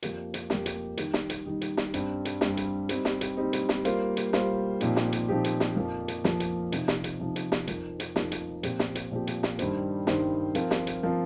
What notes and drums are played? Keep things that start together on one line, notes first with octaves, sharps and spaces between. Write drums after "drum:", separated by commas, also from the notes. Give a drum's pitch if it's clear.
F2 F3 A#3 G4, drum: hi-hat
drum: hi-hat
F2 F3 A#3 G4, drum: snare
drum: hi-hat
D#3 G3 D#4, drum: hi-hat
drum: snare
drum: hi-hat
D#3 G3 D#4
drum: hi-hat
drum: snare
G2 G3 C4, drum: hi-hat
drum: hi-hat
G2 G3 C4, drum: snare
drum: hi-hat
G3 C4 D#4, drum: hi-hat
drum: snare
drum: hi-hat
G3 C4 D#4
drum: hi-hat
drum: snare
G3 A#3 F4 C5, drum: hi-hat
drum: hi-hat
G3 A#3 F4 C5, drum: snare
A#2 F3 C4 D#4 G4, drum: hi-hat
drum: snare
drum: hi-hat
A#2 F3 C4 D#4 G4
drum: hi-hat
drum: snare
F2 F3 A#3
drum: hi-hat
F2 F3 A#3, drum: snare
drum: hi-hat
C3 F3 D#4, drum: hi-hat
drum: snare
drum: hi-hat
C3 F3 D#4
drum: hi-hat
drum: snare
F2 F3 D#4 A#4, drum: hi-hat
drum: hi-hat
F2 F3 D#4 A#4, drum: snare
drum: hi-hat
A#2 F3 C4 G4, drum: hi-hat
drum: snare
drum: hi-hat
A#2 F3 C4 G4
drum: hi-hat
drum: snare
G2 D#3 G3 D#4 C5, drum: hi-hat
G2 D#3 G3 D#4 C5, drum: snare
F3 C4 F4 A#4, drum: hi-hat
drum: snare
drum: hi-hat
F3 C4 F4 A#4